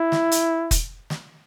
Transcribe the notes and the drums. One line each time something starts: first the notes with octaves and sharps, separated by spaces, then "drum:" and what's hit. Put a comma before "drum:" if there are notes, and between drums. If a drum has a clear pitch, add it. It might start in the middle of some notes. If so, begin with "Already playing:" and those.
Already playing: E4
drum: snare
drum: hi-hat
drum: kick, hi-hat
drum: snare